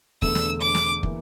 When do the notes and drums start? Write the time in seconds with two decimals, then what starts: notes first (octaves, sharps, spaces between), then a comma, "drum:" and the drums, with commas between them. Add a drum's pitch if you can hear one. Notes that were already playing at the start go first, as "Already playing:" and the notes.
0.22 E1 E2 D3 A3 E6, drum: kick
0.35 drum: snare
0.61 D6
0.75 drum: snare
1.03 E3 A#3, drum: kick